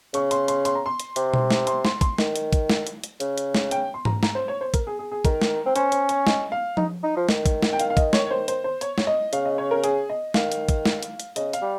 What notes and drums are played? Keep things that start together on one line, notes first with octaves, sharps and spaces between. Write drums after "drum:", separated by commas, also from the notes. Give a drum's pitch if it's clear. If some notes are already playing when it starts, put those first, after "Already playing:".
C#3 C#6, drum: hi-hat
C6, drum: hi-hat
C6, drum: hi-hat
C6, drum: hi-hat
A#5
C6
drum: hi-hat
C3, drum: hi-hat
drum: tom B2
drum: snare
C6, drum: hi-hat
C6, drum: snare
C6, drum: kick, hi-hat
D#3, drum: snare
drum: hi-hat
drum: kick, hi-hat
drum: snare
drum: hi-hat
drum: hi-hat
C#3, drum: hi-hat
drum: hi-hat
drum: snare
G5, drum: hi-hat
C6
A#5, drum: tom G#2
A#5, drum: snare
C5
C#5
C5
A#4, drum: kick, hi-hat
G#4
G#4
G#4
D#3 A#4, drum: kick, hi-hat
drum: snare
C4
C#4 C5, drum: hi-hat
C5, drum: hi-hat
C#5, drum: hi-hat
D#5, drum: snare
F5
D#4, drum: tom F3
D#4
F3
D#3, drum: snare
drum: kick, hi-hat
drum: snare
G5
F5, drum: hi-hat
F5
D#5, drum: kick, hi-hat
C#5, drum: snare
C5
C5, drum: hi-hat
C5
C#5, drum: hi-hat
C#5, drum: snare
D#5
C#3 F5, drum: hi-hat
D#5
C#5
A#4
G#4, drum: hi-hat
D#5
D#3 F5, drum: snare
drum: hi-hat
drum: kick, hi-hat
drum: snare
drum: hi-hat
drum: hi-hat
C#3 D#5, drum: hi-hat
F5, drum: hi-hat
G3